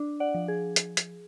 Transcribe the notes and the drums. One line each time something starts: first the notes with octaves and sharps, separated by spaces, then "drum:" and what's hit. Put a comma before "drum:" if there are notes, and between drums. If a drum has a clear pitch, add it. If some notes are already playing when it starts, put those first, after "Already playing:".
Already playing: D4
D5 F#5
F3
G#4
drum: hi-hat
drum: hi-hat